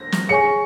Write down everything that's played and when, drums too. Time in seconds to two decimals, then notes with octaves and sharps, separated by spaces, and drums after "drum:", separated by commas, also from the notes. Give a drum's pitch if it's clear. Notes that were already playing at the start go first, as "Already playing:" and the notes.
Already playing: A#6
0.12 drum: snare
0.29 G#4 C#5 G#5 C#6 C#7